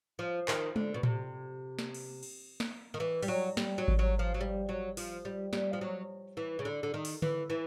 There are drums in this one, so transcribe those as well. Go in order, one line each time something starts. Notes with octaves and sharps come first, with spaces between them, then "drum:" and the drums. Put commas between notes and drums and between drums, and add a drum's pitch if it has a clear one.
F3
D#3, drum: clap
D3, drum: tom G#3
B2
C3, drum: tom A2
drum: snare
drum: cymbal
drum: cymbal
drum: snare
D#3
E3
G3, drum: cymbal
F#3
G3, drum: snare
F#3
drum: kick G#1
F#3
F3
F#3
G3
F#3
F3, drum: open hi-hat
G3
G3, drum: snare
F3
F#3
E3
C#3
D3
D3
D#3
drum: open hi-hat
E3, drum: tom D3
E3